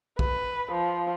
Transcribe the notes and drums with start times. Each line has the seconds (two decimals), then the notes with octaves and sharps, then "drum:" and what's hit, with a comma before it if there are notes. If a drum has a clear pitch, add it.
0.19 B4, drum: kick
0.72 F3